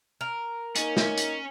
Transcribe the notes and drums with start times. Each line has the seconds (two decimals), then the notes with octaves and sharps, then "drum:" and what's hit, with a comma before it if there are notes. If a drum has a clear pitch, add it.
0.21 A#4
0.76 A#3 C#4 D#4, drum: hi-hat
0.97 drum: snare
1.17 drum: hi-hat